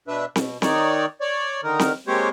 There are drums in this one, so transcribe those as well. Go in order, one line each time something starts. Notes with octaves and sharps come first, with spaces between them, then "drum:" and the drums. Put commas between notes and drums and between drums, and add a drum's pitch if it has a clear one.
B2 D4 B4 E5
B2, drum: snare C4
D#3 D#4 C#5 D5, drum: snare C4
C#5 D5
D3 D#3 D#4 A#4
drum: snare C4
G#3 A#3 C4 G4 C5 C#5